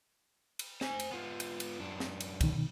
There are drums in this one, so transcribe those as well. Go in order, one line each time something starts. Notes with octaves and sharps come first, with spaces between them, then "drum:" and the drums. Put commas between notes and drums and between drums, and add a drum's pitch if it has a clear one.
drum: cymbal
C5 G#5, drum: snare
drum: cymbal
B3 F4
drum: cymbal
drum: cymbal
F#2 D4
drum: snare
drum: cymbal
B2 D#3, drum: kick, cymbal